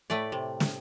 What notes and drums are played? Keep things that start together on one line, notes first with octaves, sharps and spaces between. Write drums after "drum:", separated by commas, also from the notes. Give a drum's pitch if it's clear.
A2 A3 B4 D5
C3
drum: snare